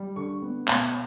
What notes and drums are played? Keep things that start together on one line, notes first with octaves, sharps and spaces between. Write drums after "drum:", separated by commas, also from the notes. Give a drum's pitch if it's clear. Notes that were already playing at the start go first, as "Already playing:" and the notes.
Already playing: G3
D3 C#6
B3
B2 C6, drum: clap